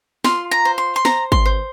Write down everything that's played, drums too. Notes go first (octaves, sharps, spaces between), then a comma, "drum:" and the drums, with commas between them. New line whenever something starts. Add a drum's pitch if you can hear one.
F4 C6, drum: snare
A#5
C5
C6
C6
C5 A#5, drum: snare
C6, drum: kick G#1
C5